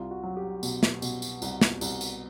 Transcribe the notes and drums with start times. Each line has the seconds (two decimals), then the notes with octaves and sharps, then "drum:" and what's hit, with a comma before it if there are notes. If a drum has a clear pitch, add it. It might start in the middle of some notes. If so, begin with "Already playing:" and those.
Already playing: C2 F4
0.11 F#4
0.24 F#3
0.37 G4
0.63 B2, drum: tambourine
0.83 drum: snare
1.02 B2, drum: tambourine
1.22 drum: tambourine
1.42 C2, drum: tambourine
1.61 drum: snare
1.81 C2, drum: tambourine
2.01 drum: tambourine